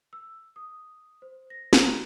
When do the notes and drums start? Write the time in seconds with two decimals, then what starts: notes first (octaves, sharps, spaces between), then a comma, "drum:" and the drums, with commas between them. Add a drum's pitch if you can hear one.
0.13 E6
0.56 D#6
1.22 C5
1.50 A#6
1.73 A#5, drum: snare